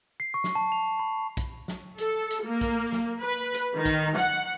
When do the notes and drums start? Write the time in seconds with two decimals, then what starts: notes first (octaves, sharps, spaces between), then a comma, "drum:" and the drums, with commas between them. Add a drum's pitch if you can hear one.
0.20 C7
0.34 C#6
0.44 drum: snare
0.55 A5
0.72 F7
0.99 B5
1.37 drum: kick, hi-hat
1.68 drum: snare
1.98 A4, drum: hi-hat
2.30 drum: hi-hat
2.44 A#3
2.61 drum: kick, hi-hat
2.92 drum: snare
3.20 B4
3.54 drum: hi-hat
3.76 D#3
3.85 drum: kick, hi-hat
4.16 F#5, drum: snare